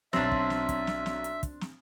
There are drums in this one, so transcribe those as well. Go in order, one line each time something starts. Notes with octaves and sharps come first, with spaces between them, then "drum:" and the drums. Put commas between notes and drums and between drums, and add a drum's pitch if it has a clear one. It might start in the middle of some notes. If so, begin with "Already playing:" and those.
B1 F#3 C4 D4 E5, drum: snare
drum: kick
drum: snare
drum: kick, hi-hat
drum: snare
drum: snare
drum: hi-hat
drum: kick, hi-hat
drum: snare